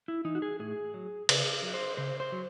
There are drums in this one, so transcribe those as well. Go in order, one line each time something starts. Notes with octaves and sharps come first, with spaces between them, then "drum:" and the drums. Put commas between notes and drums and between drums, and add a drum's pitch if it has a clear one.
E4
E3 D#4
F#4
G#4
A2 G#4
F#3
C#3, drum: cymbal
F#3
C5
C#3 C5
C5
F#3